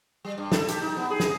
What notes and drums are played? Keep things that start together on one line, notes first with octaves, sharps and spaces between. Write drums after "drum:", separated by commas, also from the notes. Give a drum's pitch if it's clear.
G3
G2
A4, drum: snare
G4, drum: hi-hat
D#4
B3
G#4
drum: snare